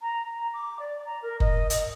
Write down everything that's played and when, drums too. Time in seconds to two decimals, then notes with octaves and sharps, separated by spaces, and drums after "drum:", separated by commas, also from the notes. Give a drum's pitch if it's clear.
0.01 A#5
0.33 A#5
0.53 D6
0.79 D5
1.05 A#5
1.22 A#4
1.40 D#5, drum: kick F#1
1.70 D#5, drum: hi-hat